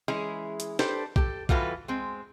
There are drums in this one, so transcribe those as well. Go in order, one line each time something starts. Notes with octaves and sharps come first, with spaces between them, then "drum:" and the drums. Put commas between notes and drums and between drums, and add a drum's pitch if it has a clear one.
E3 G#3 C#4 E4 G#4
drum: hi-hat
D4 G4 A4 B4 C5, drum: snare
G4 A4, drum: kick B1
E3 G3 F4 F#4 A4 B4, drum: kick B1
G#3 C4